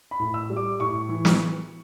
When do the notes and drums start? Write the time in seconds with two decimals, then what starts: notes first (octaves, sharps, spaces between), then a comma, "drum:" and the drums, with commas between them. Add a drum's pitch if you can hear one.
0.11 B5
0.20 A2
0.34 E6
0.50 G3
0.57 D6
0.80 A2 C#6
1.09 E3
1.25 drum: snare